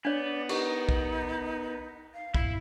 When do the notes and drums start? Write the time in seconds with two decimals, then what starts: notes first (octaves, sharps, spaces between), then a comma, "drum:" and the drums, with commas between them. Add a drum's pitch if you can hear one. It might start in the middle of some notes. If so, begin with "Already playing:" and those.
0.05 B3 D4 C#5 D5
0.49 D#4 E4 G4 A#4 B4, drum: cymbal
0.89 drum: kick
2.14 F5
2.34 E2 G2 A#2 E4, drum: kick